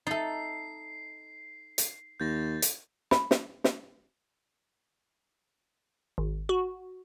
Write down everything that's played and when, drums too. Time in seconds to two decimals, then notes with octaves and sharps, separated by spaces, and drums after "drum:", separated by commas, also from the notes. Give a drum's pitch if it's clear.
0.07 D#4 A4 E5 A#5 A6 C7
1.78 drum: hi-hat
2.20 D#2 G6 A6 A#6
2.62 drum: hi-hat
3.11 B5, drum: snare
3.31 drum: snare
3.64 drum: snare
6.18 G#1
6.49 F#4